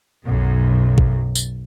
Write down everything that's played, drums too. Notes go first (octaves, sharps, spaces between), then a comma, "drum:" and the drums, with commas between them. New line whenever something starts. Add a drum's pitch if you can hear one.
B1 F#2
drum: kick
drum: tambourine